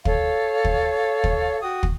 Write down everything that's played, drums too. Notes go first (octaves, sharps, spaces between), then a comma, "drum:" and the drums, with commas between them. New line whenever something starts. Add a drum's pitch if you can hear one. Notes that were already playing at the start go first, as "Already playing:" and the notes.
A4 C#5 F5, drum: kick
drum: kick
drum: kick
F#4 G5 D#6
drum: kick